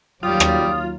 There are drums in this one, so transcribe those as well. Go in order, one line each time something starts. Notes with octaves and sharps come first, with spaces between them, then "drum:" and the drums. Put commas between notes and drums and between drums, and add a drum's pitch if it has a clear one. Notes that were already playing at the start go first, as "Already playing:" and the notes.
D#2 F#3 G3 F4 G4 D#6
drum: rim click